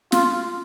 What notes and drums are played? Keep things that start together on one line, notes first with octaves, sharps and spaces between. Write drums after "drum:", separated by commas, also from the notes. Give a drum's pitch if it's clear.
F4, drum: snare